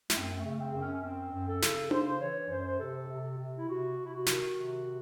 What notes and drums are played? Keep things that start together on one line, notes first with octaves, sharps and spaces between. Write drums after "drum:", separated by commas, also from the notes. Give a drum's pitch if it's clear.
A3, drum: snare
F#2 C4
C4
A3
C#3
C4
F#2
C#4
C#4
F#2 C4
F#2
A4
C#3, drum: snare
C#3 C5, drum: tom D4
E3 C#5
F#2 C5
C5
C3 A4
C3
C3
E4
C3 F#4
C3
E4
F#4
D#3, drum: snare
C3
C3